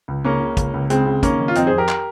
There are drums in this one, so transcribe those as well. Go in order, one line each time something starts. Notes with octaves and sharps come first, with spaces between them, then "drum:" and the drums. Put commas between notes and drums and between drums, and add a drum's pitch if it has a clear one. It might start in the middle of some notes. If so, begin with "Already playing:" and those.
C#2
C#3 A#3 C#4
C#3
C#2, drum: kick, hi-hat
C#2
C#3 G#3 C4, drum: hi-hat
C#3
D#3 A#3 C#4, drum: kick, hi-hat
D#3
F4
F2 C4 D#4, drum: hi-hat
G#4 C5
F2
G4 A#4
drum: clap